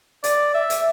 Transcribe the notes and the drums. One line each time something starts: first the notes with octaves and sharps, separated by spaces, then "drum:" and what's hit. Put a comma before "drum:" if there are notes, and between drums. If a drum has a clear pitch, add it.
D5, drum: hi-hat
E5
drum: hi-hat